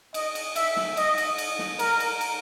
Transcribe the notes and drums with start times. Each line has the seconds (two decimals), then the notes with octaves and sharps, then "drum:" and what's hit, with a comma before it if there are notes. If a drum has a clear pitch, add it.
0.14 D#5, drum: cymbal
0.35 drum: cymbal
0.56 E5, drum: cymbal
0.76 drum: snare
0.97 D#5, drum: cymbal
1.18 drum: cymbal
1.38 drum: cymbal
1.59 drum: snare
1.79 A#4, drum: cymbal
2.00 drum: cymbal
2.21 drum: cymbal